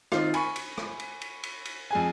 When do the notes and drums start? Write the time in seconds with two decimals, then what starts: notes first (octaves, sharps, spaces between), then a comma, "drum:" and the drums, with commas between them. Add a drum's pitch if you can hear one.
0.12 D#3 C4 D#4 F4, drum: rim click
0.34 G#5 B5 C#6, drum: cymbal
0.56 drum: cymbal
0.78 drum: rim click
0.99 drum: cymbal
1.21 drum: cymbal
1.43 drum: cymbal
1.65 drum: cymbal
1.91 F2 G#4 G#5